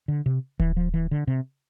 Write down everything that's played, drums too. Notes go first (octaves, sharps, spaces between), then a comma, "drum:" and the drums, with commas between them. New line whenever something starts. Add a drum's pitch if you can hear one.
D3
C3
E3, drum: kick D1
F3
E3
D3
C3